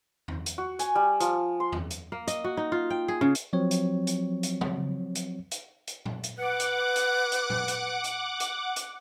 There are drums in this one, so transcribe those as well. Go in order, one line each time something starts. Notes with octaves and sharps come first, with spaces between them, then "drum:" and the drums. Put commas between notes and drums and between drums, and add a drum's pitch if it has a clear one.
drum: tom E2
drum: hi-hat
F#4
G#5, drum: hi-hat
G3
F3, drum: hi-hat
C6
drum: tom E2
drum: hi-hat
A#3
D#5, drum: hi-hat
F#4
D#4
F4
G5
G#4
C#3
drum: hi-hat
F3 F#3 C4 C#5
drum: hi-hat
drum: hi-hat
drum: hi-hat
drum: tom
drum: hi-hat
drum: hi-hat
drum: hi-hat
drum: tom A#2
drum: hi-hat
B4 F#5 D6
drum: hi-hat
drum: hi-hat
drum: hi-hat
drum: tom A#2
drum: hi-hat
drum: hi-hat
drum: hi-hat
drum: hi-hat